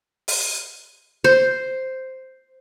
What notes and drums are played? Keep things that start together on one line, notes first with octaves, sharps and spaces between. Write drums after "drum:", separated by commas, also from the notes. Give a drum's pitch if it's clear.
drum: open hi-hat
C5